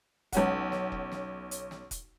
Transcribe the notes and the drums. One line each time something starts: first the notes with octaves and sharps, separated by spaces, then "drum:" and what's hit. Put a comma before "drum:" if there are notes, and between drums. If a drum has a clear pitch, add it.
B1 C#4 F#5, drum: kick E1, hi-hat
drum: snare
drum: kick E1
drum: snare
drum: hi-hat
drum: snare
drum: kick E1, hi-hat